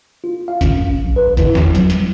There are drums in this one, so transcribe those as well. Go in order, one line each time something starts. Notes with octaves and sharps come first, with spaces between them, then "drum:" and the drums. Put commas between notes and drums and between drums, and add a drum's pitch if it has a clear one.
F4
F5
C#4, drum: kick, hi-hat
C2
A#1
B4
E4, drum: kick, hi-hat
E2, drum: snare
F#3, drum: hi-hat
G3, drum: hi-hat